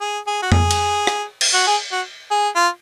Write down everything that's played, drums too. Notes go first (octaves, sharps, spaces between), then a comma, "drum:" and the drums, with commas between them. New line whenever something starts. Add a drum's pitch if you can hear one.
G#4
G#4
F#4
G#4, drum: tom F2
drum: cymbal
drum: rim click
drum: cymbal
F#4
G#4
F#4
G#4
F4